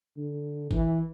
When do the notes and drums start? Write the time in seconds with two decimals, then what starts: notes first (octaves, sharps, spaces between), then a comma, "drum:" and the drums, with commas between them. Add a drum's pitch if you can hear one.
0.17 D3
0.71 E3, drum: kick